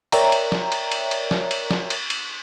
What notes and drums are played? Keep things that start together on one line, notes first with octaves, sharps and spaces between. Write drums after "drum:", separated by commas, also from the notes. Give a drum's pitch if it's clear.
A#4 C#5 D5 E5 G5 A#5, drum: cymbal
drum: cymbal
drum: snare
drum: cymbal
drum: cymbal
drum: cymbal
drum: snare
drum: cymbal
drum: snare
drum: cymbal
drum: cymbal